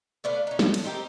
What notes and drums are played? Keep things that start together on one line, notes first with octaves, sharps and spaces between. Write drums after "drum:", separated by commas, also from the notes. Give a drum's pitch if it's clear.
A3 D4 B4 F5
C#4 D#4
A2, drum: snare
drum: cymbal
C4 D#4 G4 A#4